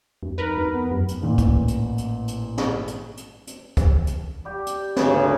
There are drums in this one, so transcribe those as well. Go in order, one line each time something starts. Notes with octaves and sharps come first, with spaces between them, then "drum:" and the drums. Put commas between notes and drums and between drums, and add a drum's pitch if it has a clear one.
F2
D#4 A#4 B4
F2
B3
F#2
drum: hi-hat
A1 A#2
drum: kick, hi-hat
drum: hi-hat
drum: hi-hat
drum: hi-hat
drum: snare
drum: hi-hat
drum: hi-hat
drum: hi-hat
drum: kick, hi-hat
drum: hi-hat
G3 G4
drum: hi-hat
D2 C#3 B4 C#5, drum: snare